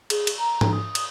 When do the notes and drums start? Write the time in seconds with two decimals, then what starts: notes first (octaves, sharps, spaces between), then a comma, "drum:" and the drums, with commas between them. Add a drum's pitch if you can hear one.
0.10 G#4, drum: cymbal
0.27 drum: cymbal
0.38 A#5
0.61 drum: tom G#2
0.73 D#6
0.95 drum: cymbal